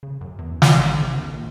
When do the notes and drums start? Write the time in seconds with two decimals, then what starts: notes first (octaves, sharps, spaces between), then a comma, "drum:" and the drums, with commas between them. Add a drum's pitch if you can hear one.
0.03 C#3
0.21 F#2
0.39 E2
0.62 C3, drum: snare
0.77 A1
0.91 D3
1.02 C3
1.15 D#2
1.33 A#1